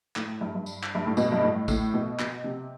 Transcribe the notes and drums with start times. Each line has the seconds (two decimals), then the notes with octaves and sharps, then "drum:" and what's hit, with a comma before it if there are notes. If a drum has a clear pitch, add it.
0.16 A2, drum: clap
0.41 G2
0.55 G2
0.66 drum: tambourine
0.83 drum: clap
0.95 G2
1.06 A2
1.17 B2, drum: tambourine
1.32 G2
1.43 A2
1.68 A2, drum: kick A1, tambourine
1.94 B2
2.19 B2, drum: clap
2.44 C3